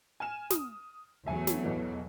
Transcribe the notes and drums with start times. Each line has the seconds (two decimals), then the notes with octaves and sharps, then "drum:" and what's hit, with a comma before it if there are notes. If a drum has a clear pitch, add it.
0.20 G#5 F6 E7
0.50 D#6, drum: snare
1.26 E2 F#3 A3 E5 G#5
1.47 drum: snare
1.63 B1 B2 E3